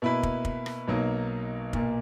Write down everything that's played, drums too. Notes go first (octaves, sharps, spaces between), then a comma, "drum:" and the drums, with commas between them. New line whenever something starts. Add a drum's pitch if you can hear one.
B2 A#3 E4 B4
drum: kick
drum: kick
drum: rim click
B1 B2 F#3 A#3 D#4
B1 A#2 A#3, drum: kick